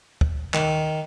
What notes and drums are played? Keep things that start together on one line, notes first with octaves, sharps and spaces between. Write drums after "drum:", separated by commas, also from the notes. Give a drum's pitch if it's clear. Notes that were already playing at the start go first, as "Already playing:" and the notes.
drum: kick
D#3, drum: clap